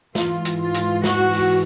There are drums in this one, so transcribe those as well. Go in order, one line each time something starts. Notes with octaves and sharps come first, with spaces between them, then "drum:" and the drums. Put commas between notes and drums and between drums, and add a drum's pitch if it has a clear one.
G#2 E3 F4, drum: snare
drum: hi-hat
F4
drum: hi-hat
F#4, drum: snare
drum: open hi-hat